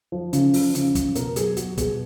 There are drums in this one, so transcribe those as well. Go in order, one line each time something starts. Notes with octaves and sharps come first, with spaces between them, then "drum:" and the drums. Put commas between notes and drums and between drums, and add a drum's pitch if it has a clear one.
F3
C#3, drum: hi-hat
F3, drum: open hi-hat
C#3, drum: hi-hat
F3, drum: kick, hi-hat
B2 A#4, drum: hi-hat
F#3 G#4, drum: hi-hat
F#3 F#4, drum: hi-hat
B2 G#4, drum: kick, hi-hat